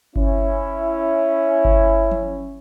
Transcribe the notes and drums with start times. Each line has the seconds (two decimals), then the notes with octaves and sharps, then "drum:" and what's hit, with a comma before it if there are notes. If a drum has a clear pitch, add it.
0.16 C#4 E4, drum: kick G1
1.65 drum: kick G1
2.11 drum: tom F3